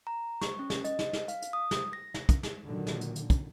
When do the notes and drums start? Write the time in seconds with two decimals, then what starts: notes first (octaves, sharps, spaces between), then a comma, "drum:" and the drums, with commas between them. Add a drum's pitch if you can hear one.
0.07 A#5
0.41 C#6, drum: snare
0.59 C#4
0.70 drum: snare
0.84 D#5, drum: hi-hat
0.99 drum: snare
1.13 drum: snare
1.28 F5, drum: hi-hat
1.42 drum: hi-hat
1.53 D#6
1.71 drum: snare
1.93 A#6
2.14 drum: snare
2.29 drum: kick, hi-hat
2.43 drum: snare
2.66 A#2 D3 D#3 F#3
2.87 drum: snare
3.01 drum: hi-hat
3.16 drum: hi-hat
3.30 drum: kick, hi-hat